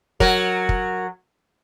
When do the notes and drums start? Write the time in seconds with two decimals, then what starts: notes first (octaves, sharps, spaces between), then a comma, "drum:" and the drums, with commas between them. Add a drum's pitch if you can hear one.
0.20 F#3 A#4, drum: kick
0.69 drum: kick